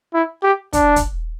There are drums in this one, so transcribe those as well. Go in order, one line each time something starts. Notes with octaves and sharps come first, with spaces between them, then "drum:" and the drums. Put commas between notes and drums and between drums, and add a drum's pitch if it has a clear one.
E4
G4
D4, drum: kick, hi-hat
drum: kick, hi-hat